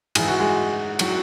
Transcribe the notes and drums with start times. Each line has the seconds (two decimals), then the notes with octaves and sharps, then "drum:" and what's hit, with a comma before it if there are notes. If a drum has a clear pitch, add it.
0.15 G#2 E3 G#4, drum: cymbal
0.28 F#4
0.40 G#3 G#4
0.99 F#3 F#4, drum: cymbal